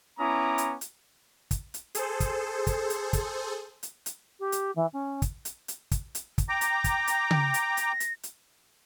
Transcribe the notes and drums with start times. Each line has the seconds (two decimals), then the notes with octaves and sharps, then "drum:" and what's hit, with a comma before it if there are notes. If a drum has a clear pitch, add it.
0.19 B3 C#4 E4 A#5 D6 D#6
0.58 drum: hi-hat
0.81 drum: hi-hat
1.51 drum: kick, hi-hat
1.74 drum: hi-hat
1.95 G#4 A4 C5, drum: hi-hat
2.20 drum: kick, hi-hat
2.67 drum: kick, hi-hat
2.90 drum: hi-hat
3.13 drum: kick, hi-hat
3.83 drum: hi-hat
4.06 drum: hi-hat
4.39 G4
4.52 drum: hi-hat
4.75 E3
4.93 C#4
5.22 drum: kick, hi-hat
5.45 drum: hi-hat
5.68 drum: hi-hat
5.91 drum: kick, hi-hat
6.15 drum: hi-hat
6.38 drum: kick, hi-hat
6.49 G5 A#5 D6 A#6
6.61 drum: hi-hat
6.84 drum: kick, hi-hat
7.07 drum: hi-hat
7.31 drum: tom C#3
7.54 drum: hi-hat
7.77 drum: hi-hat
8.00 drum: hi-hat
8.23 drum: hi-hat